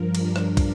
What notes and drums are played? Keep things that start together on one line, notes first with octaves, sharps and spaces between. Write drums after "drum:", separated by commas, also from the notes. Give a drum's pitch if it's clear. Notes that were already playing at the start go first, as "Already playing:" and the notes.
Already playing: G2 F3 A#4
D4, drum: cymbal
drum: rim click
drum: kick, cymbal